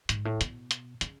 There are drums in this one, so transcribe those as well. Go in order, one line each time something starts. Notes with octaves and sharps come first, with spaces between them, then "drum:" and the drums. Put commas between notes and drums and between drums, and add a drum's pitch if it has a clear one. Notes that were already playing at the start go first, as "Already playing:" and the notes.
G#2, drum: hi-hat
A2
B2, drum: hi-hat
drum: hi-hat
C#3, drum: hi-hat